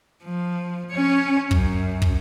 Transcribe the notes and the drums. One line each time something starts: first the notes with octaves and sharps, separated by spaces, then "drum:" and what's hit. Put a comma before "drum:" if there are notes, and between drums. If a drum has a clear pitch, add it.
F3
C#4 C#5
F#2, drum: kick
drum: kick